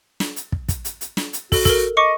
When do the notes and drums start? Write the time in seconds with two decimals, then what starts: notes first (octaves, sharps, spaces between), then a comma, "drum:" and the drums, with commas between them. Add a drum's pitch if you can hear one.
0.20 drum: snare
0.36 drum: hi-hat
0.52 drum: kick
0.69 drum: kick, hi-hat
0.85 drum: hi-hat
1.01 drum: hi-hat
1.17 drum: snare
1.33 drum: hi-hat
1.52 F#4 A4, drum: kick, open hi-hat
1.65 A4 A#4, drum: kick, hi-hat
1.97 D#5 C#6 D6 C#7